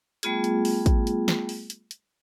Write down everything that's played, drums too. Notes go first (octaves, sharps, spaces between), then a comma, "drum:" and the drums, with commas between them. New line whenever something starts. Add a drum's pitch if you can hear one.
G3 A3 B3 F4 G#4, drum: hi-hat
drum: hi-hat
drum: open hi-hat
drum: kick, hi-hat
drum: hi-hat
drum: snare
drum: open hi-hat
drum: hi-hat
drum: hi-hat